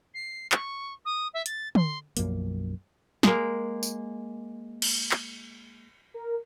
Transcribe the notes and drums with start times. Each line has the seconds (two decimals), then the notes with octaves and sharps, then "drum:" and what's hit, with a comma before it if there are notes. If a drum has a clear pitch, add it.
0.14 C7
0.52 C#6, drum: clap
1.05 D#6
1.33 E5
1.46 A6, drum: hi-hat
1.75 C6, drum: tom
2.17 B1 F#2 F3 A#3, drum: hi-hat
3.23 G#3 A#3, drum: snare
3.83 drum: tambourine
4.82 drum: cymbal
5.11 drum: clap
6.14 A#4